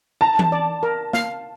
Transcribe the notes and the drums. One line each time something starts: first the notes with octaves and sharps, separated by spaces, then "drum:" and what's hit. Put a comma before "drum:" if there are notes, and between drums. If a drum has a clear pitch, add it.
A5 A#5
drum: tom E3
D5
A#4
F5, drum: snare A#3